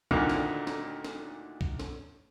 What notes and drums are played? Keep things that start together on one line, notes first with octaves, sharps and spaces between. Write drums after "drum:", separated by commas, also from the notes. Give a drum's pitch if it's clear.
D2 A#2 D3 D#3 A3 A#3, drum: kick B1
drum: snare
drum: snare
drum: snare
drum: kick B1
drum: snare